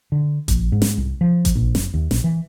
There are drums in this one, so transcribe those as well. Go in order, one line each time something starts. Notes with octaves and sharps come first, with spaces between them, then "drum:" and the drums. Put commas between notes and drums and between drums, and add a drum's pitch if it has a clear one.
D3
A#1, drum: kick G#1, hi-hat
G#2
drum: snare
C2
F3
drum: kick G#1, hi-hat
A#1
F#1, drum: snare
D#2
A#1, drum: snare
E3